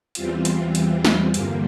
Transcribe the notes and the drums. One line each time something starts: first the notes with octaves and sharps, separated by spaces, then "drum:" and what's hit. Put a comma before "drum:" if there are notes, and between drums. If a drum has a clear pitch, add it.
E2 E3 G3 C4 F4, drum: hi-hat
drum: hi-hat
drum: hi-hat
drum: snare
G2 D3 G3 A#3, drum: hi-hat